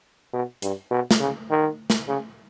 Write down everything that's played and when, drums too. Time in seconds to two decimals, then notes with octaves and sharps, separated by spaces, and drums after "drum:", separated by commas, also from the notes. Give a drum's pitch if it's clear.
0.33 B2
0.62 G2, drum: hi-hat
0.90 B2
1.11 drum: snare
1.20 C#3
1.50 D#3
1.90 drum: snare
2.08 C#3